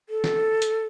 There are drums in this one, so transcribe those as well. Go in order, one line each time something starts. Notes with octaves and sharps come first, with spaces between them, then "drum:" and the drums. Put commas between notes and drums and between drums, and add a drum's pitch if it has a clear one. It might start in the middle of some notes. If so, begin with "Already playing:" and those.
A4
drum: snare
drum: hi-hat